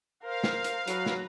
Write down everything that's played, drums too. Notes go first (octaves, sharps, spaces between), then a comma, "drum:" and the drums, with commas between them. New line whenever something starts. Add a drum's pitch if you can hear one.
A#4 C5 F5
drum: snare
drum: hi-hat
F#3 B4 A#5, drum: hi-hat
drum: snare